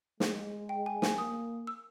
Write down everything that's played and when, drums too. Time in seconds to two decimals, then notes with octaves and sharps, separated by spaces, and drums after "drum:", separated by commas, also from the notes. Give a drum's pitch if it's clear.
0.20 G#3, drum: snare
0.69 G5
0.86 G#5
1.02 G#5, drum: snare
1.18 A#3 D#6
1.67 E6